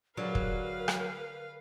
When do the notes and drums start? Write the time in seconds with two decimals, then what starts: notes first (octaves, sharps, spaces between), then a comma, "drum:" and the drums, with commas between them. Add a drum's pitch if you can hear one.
0.17 D3 F#3 G#4 A#4 B4 D5 F5
0.35 drum: kick
0.88 drum: rim click